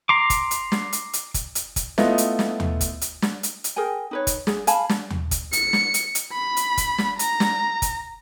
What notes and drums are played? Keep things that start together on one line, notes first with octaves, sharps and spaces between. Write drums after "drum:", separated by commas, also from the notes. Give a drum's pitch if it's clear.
A#5 C6 D6
drum: kick, hi-hat
drum: hi-hat
drum: snare
drum: hi-hat
drum: hi-hat
drum: kick, hi-hat
drum: hi-hat
drum: kick, hi-hat
A3 B3 E4 F4 D#5, drum: snare
drum: hi-hat
drum: snare
drum: tom
drum: kick, hi-hat
drum: hi-hat
drum: snare
drum: hi-hat
drum: hi-hat
G#4 A#4 G5 G#5
D#4 B4 C#5
drum: kick, hi-hat
G#4, drum: snare
F5 G#5 A5 B5, drum: hi-hat
drum: snare
drum: tom
drum: kick, hi-hat
C#7, drum: hi-hat
drum: snare
drum: hi-hat
drum: hi-hat
B5
drum: hi-hat
drum: kick, hi-hat
drum: snare
A#5, drum: hi-hat
drum: snare
drum: kick, hi-hat